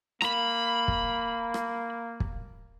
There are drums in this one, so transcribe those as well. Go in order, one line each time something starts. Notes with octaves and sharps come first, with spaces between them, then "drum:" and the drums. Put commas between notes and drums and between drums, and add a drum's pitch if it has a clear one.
A#3 A#5 B5, drum: rim click
drum: kick
drum: rim click
drum: kick